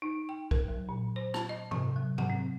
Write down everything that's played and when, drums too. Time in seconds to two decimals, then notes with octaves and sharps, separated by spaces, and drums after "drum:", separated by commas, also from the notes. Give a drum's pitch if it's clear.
0.02 D#4
0.29 G5
0.51 A#4, drum: kick
0.68 F#3
0.89 A#2
1.16 C5
1.34 A5, drum: rim click
1.49 D#5
1.71 C3, drum: tom G#2
1.96 F#3
2.18 F#5, drum: tom G#2
2.30 C4